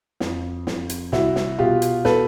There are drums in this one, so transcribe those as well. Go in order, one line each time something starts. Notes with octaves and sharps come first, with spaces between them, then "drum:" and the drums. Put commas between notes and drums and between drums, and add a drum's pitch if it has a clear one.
F2, drum: snare
F2, drum: snare
drum: hi-hat
C2 E4 F#4, drum: snare
drum: snare
B2 F4 G4
drum: hi-hat
B2 A4 B4, drum: snare